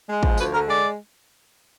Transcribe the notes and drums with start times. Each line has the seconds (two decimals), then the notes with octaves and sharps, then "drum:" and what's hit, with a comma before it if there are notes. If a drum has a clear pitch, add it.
0.08 G#3
0.23 F3, drum: kick
0.38 D2 B4, drum: tambourine
0.53 D3 A#4
0.67 G#3 D5